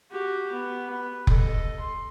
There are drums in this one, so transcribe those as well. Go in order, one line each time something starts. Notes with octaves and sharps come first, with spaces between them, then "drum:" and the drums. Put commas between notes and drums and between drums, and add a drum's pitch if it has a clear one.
F#4 G4
B3
B4
A4 D#5, drum: kick F1
C6